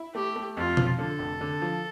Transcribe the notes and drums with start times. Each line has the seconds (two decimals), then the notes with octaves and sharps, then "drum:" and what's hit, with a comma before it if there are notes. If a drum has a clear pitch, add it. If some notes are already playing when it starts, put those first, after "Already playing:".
Already playing: E4
0.14 A3 G4
0.36 A3
0.57 F2 F4
0.77 F3, drum: tom B2
0.98 D3 A4
1.19 F1
1.41 D3
1.62 F3